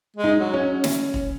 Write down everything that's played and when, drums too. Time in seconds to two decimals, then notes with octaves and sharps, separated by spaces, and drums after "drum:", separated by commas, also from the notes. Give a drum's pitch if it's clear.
0.17 G#3
0.24 D#4
0.39 F#3
0.54 C#4
0.84 drum: snare
1.14 drum: kick